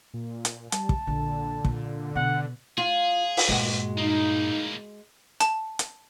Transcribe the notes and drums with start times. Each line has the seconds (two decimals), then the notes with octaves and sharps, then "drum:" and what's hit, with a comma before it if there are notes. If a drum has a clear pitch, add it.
0.14 A#2
0.45 drum: hi-hat
0.72 G3 A5, drum: hi-hat
0.89 drum: kick
1.07 A#1 D3 A#3
1.65 A#2, drum: kick
2.16 B2 F#5
2.78 F4 G#4
3.37 drum: open hi-hat
3.49 G2 A#2 G#3 F#4
3.98 A2 A#3 D#4
5.40 A5, drum: hi-hat
5.79 drum: hi-hat